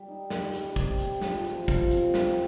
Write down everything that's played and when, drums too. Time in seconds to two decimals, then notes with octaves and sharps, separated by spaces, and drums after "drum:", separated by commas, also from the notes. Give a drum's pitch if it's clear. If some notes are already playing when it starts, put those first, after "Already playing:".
Already playing: G3
0.08 D#4
0.30 G3, drum: snare
0.53 G3, drum: hi-hat
0.76 C3, drum: kick, hi-hat
0.99 C3, drum: hi-hat
1.21 F3, drum: snare
1.45 F3, drum: hi-hat
1.68 F3, drum: kick, hi-hat
1.91 C3, drum: hi-hat
2.14 C4, drum: snare